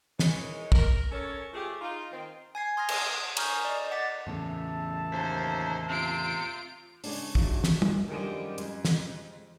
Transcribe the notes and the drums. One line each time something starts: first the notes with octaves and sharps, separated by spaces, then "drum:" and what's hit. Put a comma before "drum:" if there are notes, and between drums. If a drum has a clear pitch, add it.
E3 G#3 D#4 A#4 C#5, drum: snare
A#4, drum: kick
C#4 A4 A#4 C#5
F3 A3 G4 G#4
D#4 F4
D#3 C4
G#5 G#6 C7
C6 D#6 F6 G#6 A#6
drum: cymbal
G#5 A#5 C#6 D#6 F6 G6, drum: cymbal
D5 D#5
F#5 D6 A6 B6
E2 A2 C#3 E5 A5
D#2 C5
C3 F4 D7
C#3 G#3 D4, drum: open hi-hat
E2 F3 F#3 D#4, drum: kick
drum: snare
drum: tom
F#2 D3 D#3 F3 G3 G#4
F2 G#3, drum: hi-hat
drum: snare